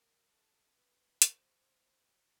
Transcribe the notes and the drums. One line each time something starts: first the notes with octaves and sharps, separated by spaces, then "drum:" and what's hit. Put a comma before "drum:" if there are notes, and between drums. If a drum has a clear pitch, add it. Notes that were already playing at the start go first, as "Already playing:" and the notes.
Already playing: A#4
A4
B4
C5, drum: hi-hat